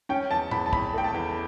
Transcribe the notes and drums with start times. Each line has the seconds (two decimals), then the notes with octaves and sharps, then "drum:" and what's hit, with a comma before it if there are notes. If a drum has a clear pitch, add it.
0.09 C#4 G5
0.31 E2 A5
0.51 E2 B5, drum: tom A2
0.66 A5
0.73 E2 B5, drum: kick
0.93 A3 G5
1.04 A5
1.14 E2